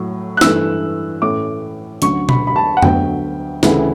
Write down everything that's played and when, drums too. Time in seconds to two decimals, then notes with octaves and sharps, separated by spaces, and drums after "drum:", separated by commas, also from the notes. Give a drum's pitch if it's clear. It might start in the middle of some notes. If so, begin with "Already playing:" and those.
Already playing: A2 F#3
0.37 F#6
0.41 G2 E3 A3 E6, drum: snare
1.21 A2 E3 A3 C#4 D6
2.02 D2 D3 F#3 C#4 C#6, drum: hi-hat
2.29 B5, drum: tom B2
2.47 B5
2.56 A5
2.77 F#5
2.82 D2 D3 F#3 B3 G5, drum: tom F2
3.63 D2 C#3 E3 A3 E4, drum: snare